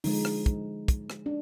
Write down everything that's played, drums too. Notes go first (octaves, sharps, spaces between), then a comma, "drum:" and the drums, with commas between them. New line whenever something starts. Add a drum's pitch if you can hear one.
D3 F3 G#3 D#4, drum: open hi-hat
drum: rim click
drum: kick, hi-hat
drum: kick, hi-hat
drum: rim click
D4